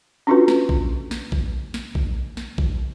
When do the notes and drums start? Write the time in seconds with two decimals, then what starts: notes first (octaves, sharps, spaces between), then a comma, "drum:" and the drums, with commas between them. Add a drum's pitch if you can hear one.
0.27 C#4 D4 F4 F#4 A4 B4
0.48 drum: snare
0.69 drum: kick A#1
1.11 drum: snare
1.32 drum: kick A#1
1.74 drum: snare
1.95 drum: kick A#1
2.37 drum: snare
2.58 drum: kick A#1